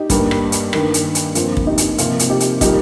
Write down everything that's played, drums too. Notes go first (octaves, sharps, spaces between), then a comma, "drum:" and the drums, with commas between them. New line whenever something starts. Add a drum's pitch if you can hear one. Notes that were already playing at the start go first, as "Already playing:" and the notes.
Already playing: D#4 G4
G2 G3 A#3, drum: kick, hi-hat
drum: rim click
drum: hi-hat
G2 D#3 A#3, drum: rim click
drum: hi-hat
drum: hi-hat
G2 F3 A#3 C4 F4, drum: hi-hat
drum: kick
D#4 G4
drum: hi-hat
C3 F3 A#3 F4 A#4, drum: hi-hat
drum: hi-hat
D#4 G4
drum: hi-hat
A#2 G3 A#3 D#4 G4, drum: kick, hi-hat